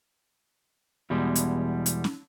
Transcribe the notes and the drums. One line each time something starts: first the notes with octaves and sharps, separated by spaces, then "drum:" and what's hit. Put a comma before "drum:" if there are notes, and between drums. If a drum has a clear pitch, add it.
E2 B2 G3 G#3
drum: hi-hat
drum: hi-hat
drum: snare C#4